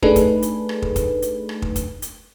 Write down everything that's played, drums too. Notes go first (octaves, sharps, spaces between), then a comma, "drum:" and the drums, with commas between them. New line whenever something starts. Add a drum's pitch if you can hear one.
A3 D4 D#4 G#4 A4 B4, drum: kick
drum: kick, hi-hat
drum: hi-hat
drum: rim click
drum: kick
drum: kick, hi-hat
drum: hi-hat
drum: rim click
drum: kick
drum: kick, hi-hat
drum: hi-hat